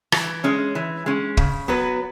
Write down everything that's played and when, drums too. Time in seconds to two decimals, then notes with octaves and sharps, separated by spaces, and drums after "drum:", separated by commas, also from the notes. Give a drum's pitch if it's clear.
0.12 E3, drum: rim click
0.44 G#3 C#4
0.75 E3
1.06 G#3 C#4
1.37 C#3, drum: kick
1.68 F#3 B3 F#4 B4